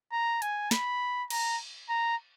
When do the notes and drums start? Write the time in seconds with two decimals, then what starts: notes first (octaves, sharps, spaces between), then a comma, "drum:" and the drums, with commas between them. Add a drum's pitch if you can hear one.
0.12 A#5
0.42 G#5, drum: hi-hat
0.71 B5, drum: snare
1.30 A#5, drum: cymbal
1.89 A#5